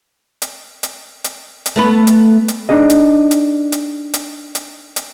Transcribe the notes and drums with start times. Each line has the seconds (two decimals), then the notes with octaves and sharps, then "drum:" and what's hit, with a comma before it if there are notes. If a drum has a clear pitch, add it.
0.42 drum: hi-hat
0.83 drum: hi-hat
1.24 drum: hi-hat
1.66 drum: hi-hat
1.76 A3 B3 B4
2.07 drum: hi-hat
2.48 drum: hi-hat
2.69 D4 D#4 G#4 D#5
2.90 drum: hi-hat
3.31 drum: hi-hat
3.72 drum: hi-hat
4.14 drum: hi-hat
4.55 drum: hi-hat
4.96 drum: hi-hat